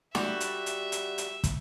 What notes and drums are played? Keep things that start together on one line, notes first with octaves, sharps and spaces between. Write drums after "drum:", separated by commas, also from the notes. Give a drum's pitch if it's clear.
G3 F#4 E5, drum: snare
drum: hi-hat
drum: hi-hat
drum: hi-hat
drum: hi-hat
drum: kick, hi-hat